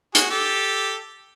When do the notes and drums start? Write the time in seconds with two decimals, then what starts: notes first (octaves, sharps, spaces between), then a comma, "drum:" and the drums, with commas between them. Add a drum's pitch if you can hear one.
0.15 F#4 G#4, drum: hi-hat
0.30 G4 A4